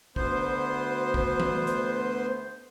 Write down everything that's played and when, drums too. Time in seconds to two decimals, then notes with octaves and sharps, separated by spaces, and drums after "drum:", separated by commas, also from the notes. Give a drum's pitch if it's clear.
0.16 D2 B3 C5, drum: kick
1.14 drum: kick
1.40 drum: tom E3
1.67 drum: hi-hat